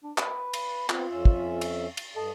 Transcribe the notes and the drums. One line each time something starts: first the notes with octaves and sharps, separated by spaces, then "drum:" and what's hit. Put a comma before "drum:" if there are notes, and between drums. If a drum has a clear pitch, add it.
D4
B4, drum: clap
drum: cymbal
B3 C4 F4, drum: clap
F2 C#4 E5
drum: kick
drum: cymbal
drum: cymbal
G2 A4 D#5 A5